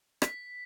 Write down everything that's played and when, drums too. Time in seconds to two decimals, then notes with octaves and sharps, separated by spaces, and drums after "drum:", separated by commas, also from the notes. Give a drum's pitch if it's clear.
0.22 B6, drum: rim click